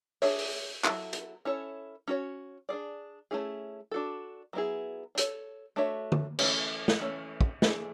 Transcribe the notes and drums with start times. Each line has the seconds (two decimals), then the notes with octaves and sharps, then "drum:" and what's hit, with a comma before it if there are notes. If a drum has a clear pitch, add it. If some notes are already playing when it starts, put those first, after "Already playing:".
0.22 D4 G#4 C#5 E5, drum: open hi-hat
0.39 drum: open hi-hat
0.84 F#3 A3 E4 A4, drum: clap
1.13 drum: hi-hat
1.45 C#4 E4 A4 C#5
2.08 C#4 F#4 C#5
2.69 D4 G#4 D5
3.31 A3 C#4 E4 G#4
3.91 D4 F#4 A4
4.53 F#3 B3 E4 G#4
5.15 D4
5.18 A4 C#5, drum: hi-hat
5.76 A3 D4 F#4 C#5 E5
6.12 drum: tom
6.39 E3 A3 C#4, drum: cymbal
6.88 drum: snare
7.00 E3 A3 C#4
7.41 drum: kick
7.62 E3 A3 D4 G#4, drum: snare